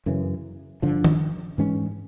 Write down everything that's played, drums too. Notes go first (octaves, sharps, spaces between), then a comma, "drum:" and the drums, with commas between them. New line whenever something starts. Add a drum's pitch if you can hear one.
F#2 C#3 E3
G2 D3 F3
drum: tom D#3
G#2 E3 G#3 C#4